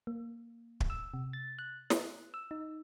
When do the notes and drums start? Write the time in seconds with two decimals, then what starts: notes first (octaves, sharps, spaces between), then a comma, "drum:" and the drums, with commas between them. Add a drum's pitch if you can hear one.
0.07 A#3
0.80 drum: kick
0.90 E6
1.14 C3
1.33 A6
1.59 F#6
1.90 drum: snare
2.34 E6
2.51 D#4